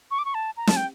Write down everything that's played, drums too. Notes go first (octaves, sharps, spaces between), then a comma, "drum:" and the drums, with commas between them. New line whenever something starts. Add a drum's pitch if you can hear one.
C#6
D6
C#6
A5
A#5
A5, drum: snare
G5